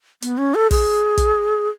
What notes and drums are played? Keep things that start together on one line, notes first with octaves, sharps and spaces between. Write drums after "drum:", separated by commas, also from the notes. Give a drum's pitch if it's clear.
B3, drum: hi-hat
C#4
A4
G#4, drum: kick, open hi-hat
drum: kick, hi-hat